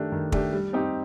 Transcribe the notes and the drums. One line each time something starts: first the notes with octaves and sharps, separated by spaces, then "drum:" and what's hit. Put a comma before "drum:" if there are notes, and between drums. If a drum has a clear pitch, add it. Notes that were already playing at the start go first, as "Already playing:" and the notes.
Already playing: D#3 A3 D4 G4
D#3
A3 D4 G4, drum: kick
G3
C4 D#4 G4